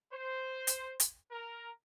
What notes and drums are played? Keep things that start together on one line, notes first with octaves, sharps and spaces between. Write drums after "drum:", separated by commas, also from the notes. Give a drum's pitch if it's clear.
C5
drum: hi-hat
drum: hi-hat
A#4